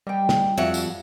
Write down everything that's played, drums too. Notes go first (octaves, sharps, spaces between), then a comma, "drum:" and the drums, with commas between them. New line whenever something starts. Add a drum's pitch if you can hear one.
G3 D#5 G5
drum: snare
F2 F#4 E5 F#5
drum: tambourine